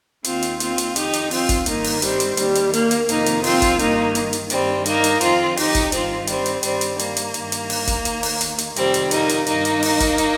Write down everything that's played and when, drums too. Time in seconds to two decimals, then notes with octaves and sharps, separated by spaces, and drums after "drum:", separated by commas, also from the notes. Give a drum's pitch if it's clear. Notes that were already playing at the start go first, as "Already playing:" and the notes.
0.24 D#2 D#3 C4 F4, drum: hi-hat
0.42 drum: hi-hat
0.60 C4 F4, drum: hi-hat
0.78 drum: hi-hat
0.96 F2 D#3 D#4 G4, drum: hi-hat
1.13 drum: hi-hat
1.31 C4 F4, drum: open hi-hat
1.49 drum: kick F#1, hi-hat
1.66 G2 D#3 A#3 D#4, drum: hi-hat
1.84 drum: open hi-hat
2.02 G3 C4, drum: hi-hat
2.20 drum: hi-hat
2.37 D#2 D#3 G3, drum: hi-hat
2.55 drum: hi-hat
2.73 A#3, drum: hi-hat
2.91 drum: hi-hat
3.09 F2 C3 D#3 A#3 D#4, drum: hi-hat
3.26 drum: hi-hat
3.44 C4 F4, drum: open hi-hat
3.62 drum: kick F#1, hi-hat
3.79 G2 D#3 A#3 D#4, drum: hi-hat
4.15 drum: hi-hat
4.33 drum: hi-hat
4.50 G2 D#3 G3 C4, drum: hi-hat
4.86 A#3 D#4, drum: hi-hat
5.04 drum: hi-hat
5.21 F2 D#3 C4 F4, drum: hi-hat
5.57 D#4 G4, drum: open hi-hat
5.75 drum: kick F#1, hi-hat
5.92 G2 D#3 C4 F4, drum: hi-hat
6.27 G3 C4, drum: hi-hat
6.46 drum: hi-hat
6.63 G2 D#3 G3 C4, drum: hi-hat
6.81 drum: hi-hat
6.99 A#3, drum: hi-hat
7.17 drum: hi-hat
7.34 G2 D#3, drum: hi-hat
7.52 drum: hi-hat
7.70 drum: open hi-hat
7.87 drum: kick F#1, hi-hat
8.05 D#2 D#3, drum: hi-hat
8.23 drum: open hi-hat
8.41 drum: hi-hat
8.58 drum: hi-hat
8.76 F2 C3 D#3 G3 C4, drum: hi-hat
8.94 drum: hi-hat
9.11 A#3 D#4, drum: hi-hat
9.29 drum: hi-hat
9.47 G2 D#3 A#3 D#4, drum: hi-hat
9.65 drum: hi-hat
9.83 drum: open hi-hat
10.00 drum: kick F#1, hi-hat
10.18 drum: hi-hat